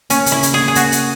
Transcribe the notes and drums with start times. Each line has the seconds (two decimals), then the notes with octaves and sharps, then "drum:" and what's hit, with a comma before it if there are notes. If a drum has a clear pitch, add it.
0.10 A#3 C#4, drum: hi-hat
0.26 C#3, drum: hi-hat
0.32 E4
0.43 C#3, drum: hi-hat
0.54 A#3 G#4
0.68 G#4
0.75 A#3 F#4, drum: hi-hat
0.92 A#3, drum: hi-hat